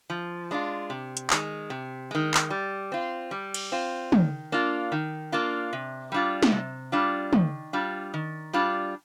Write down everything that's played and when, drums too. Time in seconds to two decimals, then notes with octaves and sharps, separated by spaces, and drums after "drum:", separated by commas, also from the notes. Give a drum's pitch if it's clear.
0.10 F3
0.51 G#3 D4 F4
0.90 C3
1.17 drum: hi-hat
1.30 D#3 G#3, drum: clap
1.70 C3
2.11 D#3 G#3
2.34 drum: clap
2.50 G3
2.92 C4 F4
3.31 G3
3.54 drum: cymbal
3.72 C4 F4
4.12 D#3, drum: tom
4.52 A#3 D4 F4
4.92 D#3
5.32 A#3 D4 F4
5.73 C3
6.12 G3 D4 F4
6.43 drum: snare
6.52 C3
6.92 G3 D4 F4
7.33 D#3, drum: tom
7.73 G3 D4 F4
8.14 D#3
8.53 G3 D4 F4